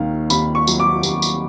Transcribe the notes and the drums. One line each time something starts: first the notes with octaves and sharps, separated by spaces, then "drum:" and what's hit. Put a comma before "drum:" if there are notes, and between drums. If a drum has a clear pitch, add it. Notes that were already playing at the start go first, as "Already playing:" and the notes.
Already playing: D#2 D#3 F5
D#2 B5, drum: tambourine
C#6
F#3, drum: tambourine
D6
D#2, drum: tambourine
drum: tambourine